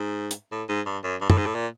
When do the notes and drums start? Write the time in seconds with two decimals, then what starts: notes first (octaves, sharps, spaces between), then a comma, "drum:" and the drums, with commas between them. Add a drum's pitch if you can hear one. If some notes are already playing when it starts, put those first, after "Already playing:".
Already playing: G#2
0.31 drum: hi-hat
0.52 A2
0.69 G#2
0.86 G2
1.04 F#2
1.21 G2
1.30 A2, drum: tom
1.37 G#2
1.46 A2
1.55 A#2